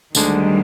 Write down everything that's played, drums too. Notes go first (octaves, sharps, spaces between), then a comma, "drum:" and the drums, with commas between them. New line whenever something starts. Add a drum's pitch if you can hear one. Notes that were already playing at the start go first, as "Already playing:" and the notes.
D2 D3 D#3 G3 G#3, drum: tambourine